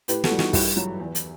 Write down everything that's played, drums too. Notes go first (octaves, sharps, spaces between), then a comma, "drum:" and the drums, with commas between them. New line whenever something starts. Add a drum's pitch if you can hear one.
A2 G4 B4, drum: hi-hat
F#4 A4, drum: snare
E3 G3
D#4 F#4, drum: snare
G2 E4 G4, drum: kick, open hi-hat
F#3
E2
drum: hi-hat